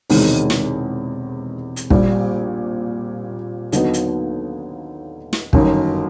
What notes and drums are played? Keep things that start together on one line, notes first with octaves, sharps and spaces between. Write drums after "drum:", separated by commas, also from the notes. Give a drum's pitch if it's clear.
E1 E2 C3 D#3 G#3, drum: open hi-hat
drum: snare
drum: hi-hat
A#1 A#2 G3, drum: kick
D#2 D3 F#3 B3 D#4, drum: hi-hat
drum: hi-hat
drum: snare
G1 F#2 D#3, drum: kick